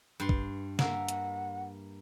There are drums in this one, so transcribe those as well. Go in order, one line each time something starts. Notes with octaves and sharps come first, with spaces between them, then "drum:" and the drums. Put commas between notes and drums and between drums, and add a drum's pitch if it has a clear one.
G2 C6
drum: kick A1
A#3 E5 F#5, drum: snare
drum: hi-hat